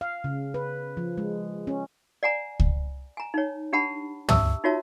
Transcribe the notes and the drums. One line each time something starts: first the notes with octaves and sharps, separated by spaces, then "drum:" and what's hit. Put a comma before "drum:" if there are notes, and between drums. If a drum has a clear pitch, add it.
F5
C#3
B4
F3
G#3
C#4
D5 F#5 G#5 A#5
drum: kick C#2
G#5 A#5
D#4 C#5
D4 G4 F#5 A5 B5
G4 E5 A5 D#6 E6, drum: tom
D#4 F4 F#4 C#5 E5 A5